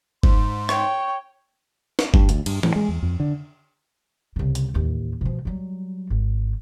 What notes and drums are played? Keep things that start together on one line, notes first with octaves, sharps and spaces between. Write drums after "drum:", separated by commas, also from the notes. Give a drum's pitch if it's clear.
G#2 C6, drum: kick G1
C#5 G5 C#6, drum: rim click
drum: snare
G2, drum: kick G1
D2, drum: hi-hat
G2, drum: cymbal
A2, drum: tom
G#3
E2
F2
D3
C2 C#3
drum: hi-hat
A1 D#2
B2 F3
F#3 G3
G#1